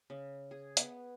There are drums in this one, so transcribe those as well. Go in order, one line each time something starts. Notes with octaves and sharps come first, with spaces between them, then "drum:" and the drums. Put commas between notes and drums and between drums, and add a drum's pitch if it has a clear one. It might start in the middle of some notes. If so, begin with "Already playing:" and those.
C#3
G#4
B3, drum: hi-hat